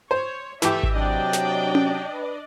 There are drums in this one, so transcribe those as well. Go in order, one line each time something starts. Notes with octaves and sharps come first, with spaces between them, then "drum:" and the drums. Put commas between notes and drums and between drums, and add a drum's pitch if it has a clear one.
C5 C#5
E3 A3 G4 E5, drum: snare
drum: kick G#1
C3 F#3 D4 D5 D#5 G5
drum: snare
drum: tom C#4
B4